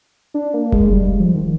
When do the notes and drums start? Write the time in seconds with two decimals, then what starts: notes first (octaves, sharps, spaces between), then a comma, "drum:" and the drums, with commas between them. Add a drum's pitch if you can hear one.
0.34 D4
0.54 A#3
0.72 G#3, drum: kick F1
0.92 G3
1.20 F3
1.34 D#3